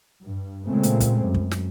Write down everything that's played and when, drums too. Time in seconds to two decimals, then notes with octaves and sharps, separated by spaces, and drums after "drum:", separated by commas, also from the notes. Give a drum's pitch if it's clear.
0.22 G2
0.66 A#2 C#3 G#3 A3 C4
0.83 drum: hi-hat
1.00 drum: kick, hi-hat
1.22 F#2
1.34 drum: kick
1.51 drum: snare